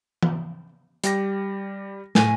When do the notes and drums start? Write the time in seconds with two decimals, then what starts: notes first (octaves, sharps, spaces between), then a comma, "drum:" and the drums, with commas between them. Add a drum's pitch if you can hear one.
0.23 drum: tom E3
1.04 G3 G4 A#6, drum: hi-hat
2.15 A2 G#5, drum: snare